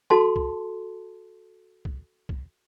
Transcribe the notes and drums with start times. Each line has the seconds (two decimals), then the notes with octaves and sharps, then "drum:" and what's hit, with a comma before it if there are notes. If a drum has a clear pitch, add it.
0.10 F#4 A4 A5 C6, drum: snare
0.36 drum: kick
1.85 drum: kick
2.29 drum: kick